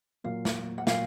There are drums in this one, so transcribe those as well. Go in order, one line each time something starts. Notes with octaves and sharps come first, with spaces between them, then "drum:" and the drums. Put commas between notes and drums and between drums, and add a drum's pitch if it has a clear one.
A#2 F#3 A#3 F4 F5
drum: snare
F#5
A#2 F#3 A#3 F4 F5, drum: snare